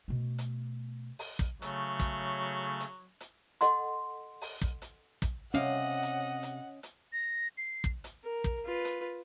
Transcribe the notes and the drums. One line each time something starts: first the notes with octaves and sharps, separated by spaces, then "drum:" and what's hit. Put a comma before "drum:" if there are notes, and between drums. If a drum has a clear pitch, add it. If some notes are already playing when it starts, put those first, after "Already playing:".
B2 A3
drum: hi-hat
drum: open hi-hat
drum: kick
C#3 F#3 A3, drum: hi-hat
drum: kick, hi-hat
drum: hi-hat
drum: hi-hat
A4 D#5 F#5 C6, drum: hi-hat
drum: open hi-hat
drum: kick
drum: hi-hat
drum: kick, hi-hat
C3 C#4 D#5 F5 F#5
drum: hi-hat
drum: hi-hat
drum: hi-hat
A#6
C7
drum: kick
drum: hi-hat
A#4
drum: kick
F4 B4
drum: hi-hat